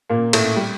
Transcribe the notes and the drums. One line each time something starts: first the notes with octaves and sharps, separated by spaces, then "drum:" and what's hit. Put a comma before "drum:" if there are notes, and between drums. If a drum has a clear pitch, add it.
A#2 A#3
A2 A3, drum: cymbal
G3